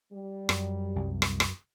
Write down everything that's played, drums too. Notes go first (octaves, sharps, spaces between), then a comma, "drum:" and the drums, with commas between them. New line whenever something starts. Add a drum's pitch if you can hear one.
G3
F#2, drum: rim click
C2
drum: rim click
drum: rim click